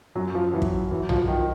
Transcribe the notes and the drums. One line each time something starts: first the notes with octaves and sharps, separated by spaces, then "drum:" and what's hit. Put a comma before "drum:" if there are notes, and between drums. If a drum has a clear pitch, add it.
F#2 F#3
F3
E3 F#3
drum: kick
E3 F#3
F3, drum: tom B1
D#3 F3